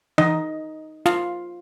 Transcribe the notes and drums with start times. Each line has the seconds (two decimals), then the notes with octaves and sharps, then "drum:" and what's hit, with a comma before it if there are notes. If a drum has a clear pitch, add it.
0.18 D#4 D#5, drum: tom E3
1.06 F4 F5, drum: snare